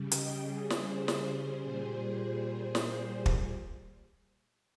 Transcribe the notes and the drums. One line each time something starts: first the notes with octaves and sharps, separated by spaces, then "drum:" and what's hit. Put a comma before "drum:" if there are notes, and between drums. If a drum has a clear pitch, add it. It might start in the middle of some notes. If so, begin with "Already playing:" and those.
Already playing: C#3 G3
D#5 G5, drum: hi-hat
G#4
G#4 C5, drum: snare
drum: snare
A#2 G3 G#4 C5
drum: snare
drum: kick